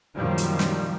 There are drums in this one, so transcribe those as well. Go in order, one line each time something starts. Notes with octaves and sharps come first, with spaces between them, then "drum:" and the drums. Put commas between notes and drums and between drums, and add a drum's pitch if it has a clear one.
F#2 A#2 D#3 F3 G3
drum: hi-hat
drum: snare